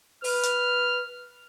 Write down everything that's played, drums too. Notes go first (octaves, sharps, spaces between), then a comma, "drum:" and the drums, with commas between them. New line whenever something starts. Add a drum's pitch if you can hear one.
B4 F6, drum: open hi-hat
drum: hi-hat